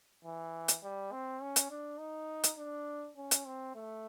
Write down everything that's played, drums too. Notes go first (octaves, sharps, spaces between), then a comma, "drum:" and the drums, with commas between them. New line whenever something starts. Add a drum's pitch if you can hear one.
E3
drum: hi-hat
G3
C4
C#4
drum: hi-hat
D4
D#4
drum: hi-hat
D4
C#4
drum: hi-hat
C4
A3